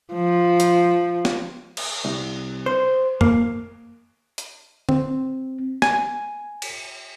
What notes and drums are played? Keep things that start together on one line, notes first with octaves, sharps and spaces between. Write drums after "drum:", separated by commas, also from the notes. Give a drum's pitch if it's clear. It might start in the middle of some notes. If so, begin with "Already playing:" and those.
F3
drum: hi-hat
drum: snare
drum: cymbal
C2
C5
A#3, drum: tom F#2
drum: hi-hat
C4, drum: tom
G#5, drum: snare
drum: cymbal